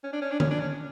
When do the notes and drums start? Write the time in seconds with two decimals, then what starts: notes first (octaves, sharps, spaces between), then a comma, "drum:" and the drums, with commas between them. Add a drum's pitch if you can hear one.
0.04 C#4
0.13 D4
0.22 C#4
0.31 D4
0.40 C#4, drum: tom D3
0.50 D4
0.59 C#4